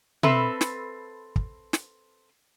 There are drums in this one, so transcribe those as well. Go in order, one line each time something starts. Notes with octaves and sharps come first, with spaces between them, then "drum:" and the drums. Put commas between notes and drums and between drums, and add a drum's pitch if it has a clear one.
C4 A4 B4 E5, drum: tom B2
drum: snare
drum: kick
drum: snare